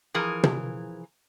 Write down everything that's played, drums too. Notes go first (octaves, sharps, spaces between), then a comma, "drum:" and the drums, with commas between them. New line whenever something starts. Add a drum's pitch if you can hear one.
E3 F3 G#4 A#4
drum: tom